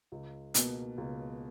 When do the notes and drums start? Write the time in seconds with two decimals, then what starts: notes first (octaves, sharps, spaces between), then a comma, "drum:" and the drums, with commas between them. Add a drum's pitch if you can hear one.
0.12 C#2
0.54 B2 A#3, drum: hi-hat
0.98 C#2